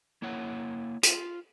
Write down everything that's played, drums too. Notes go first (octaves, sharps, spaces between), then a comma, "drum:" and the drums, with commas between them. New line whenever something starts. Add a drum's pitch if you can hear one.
A#3 E4 C#5 F#5
F4, drum: hi-hat